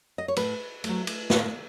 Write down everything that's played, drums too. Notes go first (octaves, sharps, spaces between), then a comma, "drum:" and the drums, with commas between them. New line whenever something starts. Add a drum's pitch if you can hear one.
D#5
C#5
A2 B4, drum: cymbal
F#3 A3, drum: cymbal
drum: cymbal
A2, drum: snare